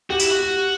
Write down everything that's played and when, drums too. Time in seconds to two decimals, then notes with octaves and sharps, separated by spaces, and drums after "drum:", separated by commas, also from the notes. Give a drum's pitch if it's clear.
0.10 F#4 G4
0.20 E4, drum: tambourine
0.31 F#4
0.39 G4